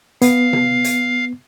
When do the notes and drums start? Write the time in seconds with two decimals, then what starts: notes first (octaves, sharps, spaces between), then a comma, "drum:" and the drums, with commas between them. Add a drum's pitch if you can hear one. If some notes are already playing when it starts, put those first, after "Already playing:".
0.22 B3 F5, drum: hi-hat
0.53 drum: tom C3
0.84 drum: hi-hat